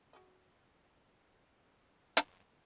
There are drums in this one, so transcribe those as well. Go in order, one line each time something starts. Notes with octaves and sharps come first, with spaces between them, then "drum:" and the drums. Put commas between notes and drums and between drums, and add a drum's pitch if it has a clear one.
F#4 G#4 D#5
drum: hi-hat